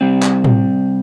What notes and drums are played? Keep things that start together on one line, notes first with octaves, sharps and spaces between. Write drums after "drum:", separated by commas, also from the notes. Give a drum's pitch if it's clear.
C3 G3 C4
drum: clap
drum: tom A2